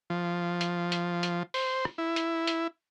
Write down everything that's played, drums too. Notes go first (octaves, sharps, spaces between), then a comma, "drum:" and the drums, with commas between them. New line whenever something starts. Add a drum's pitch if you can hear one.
F3
drum: hi-hat
drum: hi-hat
drum: hi-hat
C5, drum: open hi-hat
drum: rim click
E4
drum: hi-hat
drum: hi-hat